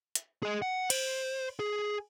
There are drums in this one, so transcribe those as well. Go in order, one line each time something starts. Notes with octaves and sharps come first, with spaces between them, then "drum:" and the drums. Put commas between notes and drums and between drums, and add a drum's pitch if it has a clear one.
drum: hi-hat
G#4 D#5
F#5
C5, drum: cymbal
G#4